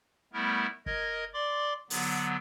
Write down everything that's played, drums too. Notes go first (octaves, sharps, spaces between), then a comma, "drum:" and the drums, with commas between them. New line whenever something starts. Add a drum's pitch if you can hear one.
G3 A3 B3 E4 A#4
A#4 D#5 G#6, drum: kick
D5 C6 D6
D3 F#3 B3, drum: open hi-hat